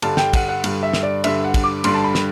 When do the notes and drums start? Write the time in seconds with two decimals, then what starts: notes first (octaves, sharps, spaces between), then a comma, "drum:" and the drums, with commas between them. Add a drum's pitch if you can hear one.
0.02 G2 D3 G3 A5, drum: cymbal
0.17 G5, drum: snare
0.33 F#5, drum: kick, cymbal
0.49 F#5
0.64 G2 D3 G3, drum: cymbal
0.83 E5
0.93 drum: snare
1.03 D5
1.24 G2 D3 G3 E5, drum: cymbal
1.44 F#5
1.54 drum: kick, cymbal
1.64 D6
1.84 G2 D3 G3 C6, drum: cymbal
1.95 A5
2.04 B5
2.15 drum: snare